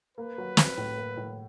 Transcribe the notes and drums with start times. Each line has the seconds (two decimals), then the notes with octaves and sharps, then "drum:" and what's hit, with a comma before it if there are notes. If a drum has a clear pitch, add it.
0.17 A#3 B4
0.38 F#3
0.57 F#3, drum: snare
0.77 A2
0.97 A#3
1.17 A2